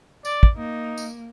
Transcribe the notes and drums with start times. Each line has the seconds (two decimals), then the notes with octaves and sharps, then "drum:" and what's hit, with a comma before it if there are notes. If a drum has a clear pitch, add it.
0.25 D5, drum: tambourine
0.43 drum: kick
0.57 A#3 D#4
0.98 drum: tambourine